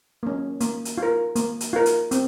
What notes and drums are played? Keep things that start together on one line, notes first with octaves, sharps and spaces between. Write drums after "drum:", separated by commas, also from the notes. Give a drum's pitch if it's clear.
A#3 C#4
A#3, drum: hi-hat
drum: hi-hat
F4
A#4
A#3, drum: hi-hat
drum: hi-hat
F4 A#4
drum: hi-hat
C4, drum: hi-hat